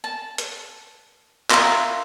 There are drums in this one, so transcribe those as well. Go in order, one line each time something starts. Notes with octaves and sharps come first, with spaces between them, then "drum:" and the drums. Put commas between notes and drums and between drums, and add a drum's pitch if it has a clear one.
A5
drum: hi-hat
F4 A#4 E5, drum: clap